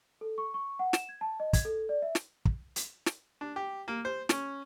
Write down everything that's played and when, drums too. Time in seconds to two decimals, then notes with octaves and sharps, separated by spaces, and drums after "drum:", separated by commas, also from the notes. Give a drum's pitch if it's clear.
0.21 A4
0.38 C#6
0.54 C#6
0.79 F#5
0.93 E7, drum: snare
1.09 G#6
1.21 A5
1.40 D#5
1.53 G#6, drum: kick, hi-hat
1.65 A4
1.89 D5
2.02 E5
2.15 drum: snare
2.45 drum: kick
2.76 drum: hi-hat
3.06 drum: snare
3.41 D4
3.56 G4
3.88 A#3
4.05 C5
4.29 C#4, drum: snare